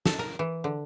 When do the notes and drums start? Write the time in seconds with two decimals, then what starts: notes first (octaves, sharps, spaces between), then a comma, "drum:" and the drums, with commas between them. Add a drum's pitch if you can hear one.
0.06 A4, drum: snare
0.19 A#4
0.39 E3
0.64 D3